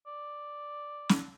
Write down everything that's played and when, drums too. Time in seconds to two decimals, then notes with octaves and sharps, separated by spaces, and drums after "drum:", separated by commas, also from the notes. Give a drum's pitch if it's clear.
0.06 D5
1.09 drum: snare